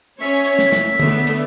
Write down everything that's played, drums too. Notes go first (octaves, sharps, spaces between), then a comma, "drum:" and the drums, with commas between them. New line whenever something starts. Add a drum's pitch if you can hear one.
C#4 C#5 E5
drum: hi-hat
drum: snare
drum: snare
A3 B3 D4, drum: tom D3
drum: hi-hat